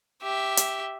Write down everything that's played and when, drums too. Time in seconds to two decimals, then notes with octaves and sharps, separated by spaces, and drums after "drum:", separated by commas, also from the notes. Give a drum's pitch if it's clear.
0.22 G4 E5
0.57 drum: hi-hat